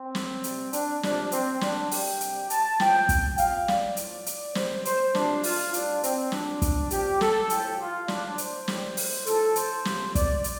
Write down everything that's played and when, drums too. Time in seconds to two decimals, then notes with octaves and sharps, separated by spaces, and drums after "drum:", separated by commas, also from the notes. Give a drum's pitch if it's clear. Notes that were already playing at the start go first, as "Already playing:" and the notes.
Already playing: C4
0.15 drum: snare
0.44 C3 G3, drum: hi-hat
0.73 D4, drum: hi-hat
1.03 C3 F3 D4, drum: snare
1.32 C4, drum: hi-hat
1.61 C3 G3 D4, drum: snare
1.91 G4, drum: open hi-hat
2.21 C3 G3, drum: hi-hat
2.50 A5, drum: hi-hat
2.80 A2 F3 G5, drum: snare
3.09 drum: kick, hi-hat
3.38 C3 F3 F5, drum: hi-hat
3.68 D5, drum: snare
3.97 A2 F3, drum: hi-hat
4.26 drum: hi-hat
4.55 C3 G3 C5, drum: snare
4.85 C5, drum: hi-hat
5.15 C3 F3 D4, drum: snare
5.43 F4, drum: open hi-hat
5.74 A2 G3 D4, drum: hi-hat
6.03 C4, drum: hi-hat
6.32 C3 F3 D4, drum: snare
6.62 drum: kick, hi-hat
6.91 C3 F3 G4, drum: hi-hat
7.21 A4, drum: snare
7.50 A2 F3 G4, drum: hi-hat
7.79 F4
8.08 A2 G3 D4, drum: snare
8.38 C5, drum: hi-hat
8.68 A2 G3, drum: snare
8.97 drum: open hi-hat
9.26 A2 F3 A4, drum: hi-hat
9.56 C5, drum: hi-hat
9.85 C3 F3, drum: snare
10.15 D5, drum: kick, hi-hat
10.44 drum: hi-hat